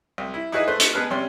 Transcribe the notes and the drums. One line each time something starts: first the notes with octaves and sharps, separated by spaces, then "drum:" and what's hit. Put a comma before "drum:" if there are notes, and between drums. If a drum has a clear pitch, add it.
C2
E4
D#4 E4 F#4 G#4 B4 D#5
A3 B4 C5
drum: hi-hat
G#3 B3 G#4 B4 A5 F6
C3 G3 C#4 C6